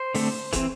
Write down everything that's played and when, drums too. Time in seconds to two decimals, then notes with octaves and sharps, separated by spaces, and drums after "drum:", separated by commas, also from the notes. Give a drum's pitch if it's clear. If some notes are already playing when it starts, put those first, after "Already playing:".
Already playing: C5
0.14 D3 A3 C4, drum: open hi-hat
0.53 E3 C4, drum: kick, hi-hat